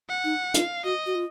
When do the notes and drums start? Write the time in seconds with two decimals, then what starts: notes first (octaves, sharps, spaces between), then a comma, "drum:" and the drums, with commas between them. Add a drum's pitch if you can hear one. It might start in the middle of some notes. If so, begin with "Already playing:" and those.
0.09 F#5
0.24 D#4
0.54 F4 F5, drum: hi-hat
0.84 F#4 D#5
1.06 F#4
1.15 F4